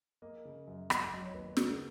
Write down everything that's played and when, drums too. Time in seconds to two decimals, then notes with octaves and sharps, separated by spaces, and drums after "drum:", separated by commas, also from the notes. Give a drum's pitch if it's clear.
0.22 A#3 D#5
0.45 C#3
0.67 F#2
0.90 G#1, drum: rim click
1.12 F#3 D#5
1.23 C#5
1.34 D#2 B4
1.57 C#3 A#4, drum: snare